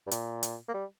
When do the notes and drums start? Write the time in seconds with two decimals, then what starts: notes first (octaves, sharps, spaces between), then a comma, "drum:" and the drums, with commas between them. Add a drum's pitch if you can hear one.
0.07 G2
0.11 A#2, drum: hi-hat
0.43 drum: hi-hat
0.68 A#3
0.74 G3